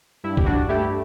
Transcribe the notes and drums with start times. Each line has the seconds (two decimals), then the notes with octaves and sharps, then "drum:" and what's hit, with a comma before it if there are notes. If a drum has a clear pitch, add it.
0.24 G2 E4
0.37 G4, drum: kick
0.46 D4 F#4
0.69 A3 E4 G4